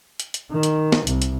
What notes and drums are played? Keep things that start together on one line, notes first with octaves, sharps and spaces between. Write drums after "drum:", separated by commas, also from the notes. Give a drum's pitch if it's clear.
drum: hi-hat
drum: hi-hat
D#3
drum: hi-hat
drum: snare
C2, drum: hi-hat
drum: hi-hat